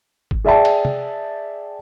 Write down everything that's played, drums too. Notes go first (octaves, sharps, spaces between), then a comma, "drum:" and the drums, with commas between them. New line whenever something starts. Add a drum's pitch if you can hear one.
drum: kick
G#4 D5 E5 G5 A5
drum: cymbal
drum: tom C3